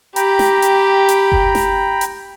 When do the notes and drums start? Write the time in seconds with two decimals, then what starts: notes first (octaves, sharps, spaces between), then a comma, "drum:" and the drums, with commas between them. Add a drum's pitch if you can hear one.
0.16 G4 G5 A#5 B5, drum: hi-hat
0.39 drum: snare
0.62 drum: hi-hat
1.09 drum: hi-hat
1.32 drum: kick F#1
1.55 drum: snare
2.01 drum: hi-hat